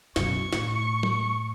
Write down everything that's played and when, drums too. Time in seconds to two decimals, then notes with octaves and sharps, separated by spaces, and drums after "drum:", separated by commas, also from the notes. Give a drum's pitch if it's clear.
0.16 F#2 B2 C#6, drum: snare
0.53 A2, drum: snare
1.03 drum: tom